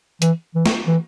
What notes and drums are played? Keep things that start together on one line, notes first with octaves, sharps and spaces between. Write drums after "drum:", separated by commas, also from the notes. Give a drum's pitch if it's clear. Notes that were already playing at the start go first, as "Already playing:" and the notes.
E3, drum: hi-hat
E3
drum: snare
E3